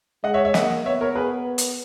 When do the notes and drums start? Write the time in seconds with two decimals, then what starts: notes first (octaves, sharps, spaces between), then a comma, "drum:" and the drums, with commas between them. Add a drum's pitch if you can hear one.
0.23 G#3 D#5 F#5
0.34 C#5 E5
0.45 C#5 E5
0.54 A#3 D#5 F#5, drum: snare
0.86 B3 C#5 E5
1.01 A#4 C#5
1.15 G#4 B4
1.58 drum: hi-hat